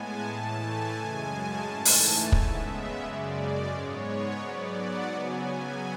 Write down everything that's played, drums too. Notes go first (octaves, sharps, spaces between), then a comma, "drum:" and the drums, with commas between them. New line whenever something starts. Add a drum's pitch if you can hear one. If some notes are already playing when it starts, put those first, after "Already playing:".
Already playing: A2 G#3 B3 G#5 A5
A2 E3 A3
G#5
F#2 C#3 G#3
A5
G#2 E3 A3
drum: open hi-hat
G#5
C#3 G#3 B3 E5, drum: kick
F#2 C#3 G#3 D5
G#2 G#3 B3 C#5
G#2 F#3 B3 D5
F#5
C#3 F#3 B3 G#5
G#5